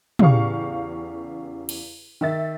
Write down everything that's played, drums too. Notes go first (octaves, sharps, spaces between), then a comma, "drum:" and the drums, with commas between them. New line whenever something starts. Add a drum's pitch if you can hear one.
E2 C#3 G4 F5 C#6, drum: tom
drum: cymbal
D#3 E5 A6